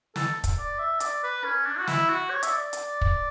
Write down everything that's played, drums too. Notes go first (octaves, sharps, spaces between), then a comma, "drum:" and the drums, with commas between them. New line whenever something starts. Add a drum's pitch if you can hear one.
A4, drum: snare
drum: kick, hi-hat
D5
E5
D5, drum: hi-hat
B4
C#4
D4
F#4
E4, drum: snare
F#4
C#5
E5, drum: hi-hat
D5
drum: hi-hat
drum: kick